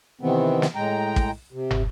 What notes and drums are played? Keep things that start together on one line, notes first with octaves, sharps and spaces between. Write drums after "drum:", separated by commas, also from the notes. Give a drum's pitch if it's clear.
C3 D#3 E3 B3 C4
drum: snare
A2 G#3 G5 A#5
drum: kick
C3
drum: tom